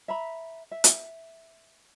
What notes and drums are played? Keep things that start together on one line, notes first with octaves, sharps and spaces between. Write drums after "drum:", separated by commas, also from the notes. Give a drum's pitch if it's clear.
E5 A#5 B5
E5
drum: hi-hat